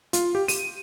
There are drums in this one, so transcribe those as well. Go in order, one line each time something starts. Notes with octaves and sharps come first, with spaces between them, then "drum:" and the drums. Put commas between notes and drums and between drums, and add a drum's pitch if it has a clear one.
F4, drum: hi-hat
G4
D#7, drum: open hi-hat